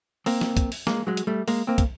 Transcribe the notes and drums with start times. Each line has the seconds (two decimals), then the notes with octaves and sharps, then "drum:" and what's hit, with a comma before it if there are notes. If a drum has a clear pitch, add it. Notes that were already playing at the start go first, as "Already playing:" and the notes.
0.26 A#3 C4, drum: open hi-hat
0.41 drum: snare
0.57 drum: kick, hi-hat
0.72 drum: open hi-hat
0.87 G#3 A#3, drum: snare
1.07 F#3 G#3
1.17 drum: hi-hat
1.27 G3 A3
1.48 G#3 A#3, drum: open hi-hat
1.67 A#3 C4
1.78 drum: kick, hi-hat